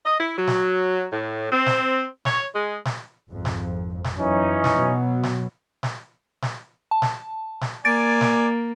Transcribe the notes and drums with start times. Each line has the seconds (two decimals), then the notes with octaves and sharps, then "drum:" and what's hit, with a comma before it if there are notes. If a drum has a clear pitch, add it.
0.05 D#5
0.18 E4
0.37 F#3
0.47 drum: snare
1.11 A2
1.51 C4
1.66 drum: snare
2.25 C#5, drum: snare
2.54 G#3
2.85 drum: snare
3.31 G#1 F2
3.45 drum: snare
4.04 drum: snare
4.18 F#2 E3 C#4 D#4
4.64 drum: snare
4.74 B2 F#3
5.23 drum: snare
5.83 drum: snare
6.42 drum: snare
6.91 A5
7.02 drum: snare
7.61 drum: snare
7.85 A#3 D5 G#5 A6 D7
8.21 drum: snare